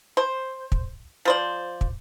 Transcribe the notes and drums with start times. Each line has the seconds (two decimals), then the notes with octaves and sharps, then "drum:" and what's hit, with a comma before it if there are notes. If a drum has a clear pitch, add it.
0.17 C5
0.72 drum: kick
1.25 F3 C5 D5
1.81 drum: kick